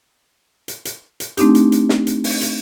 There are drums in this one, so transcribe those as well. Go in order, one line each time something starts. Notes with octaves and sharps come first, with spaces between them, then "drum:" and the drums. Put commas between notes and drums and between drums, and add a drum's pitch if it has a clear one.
drum: hi-hat
drum: hi-hat
drum: hi-hat
A3 C4 D4 D#4 G4, drum: hi-hat
drum: hi-hat
drum: hi-hat
drum: snare
drum: hi-hat
drum: open hi-hat
drum: hi-hat